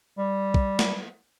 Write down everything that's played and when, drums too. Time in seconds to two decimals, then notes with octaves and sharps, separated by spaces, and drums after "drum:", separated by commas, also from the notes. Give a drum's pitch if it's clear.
0.18 G3
0.54 drum: kick
0.79 drum: snare